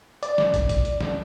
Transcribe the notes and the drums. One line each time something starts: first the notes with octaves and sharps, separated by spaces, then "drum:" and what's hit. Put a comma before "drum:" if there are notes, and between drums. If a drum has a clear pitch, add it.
D5, drum: hi-hat
drum: snare
drum: kick, hi-hat
drum: kick, hi-hat
drum: hi-hat
drum: snare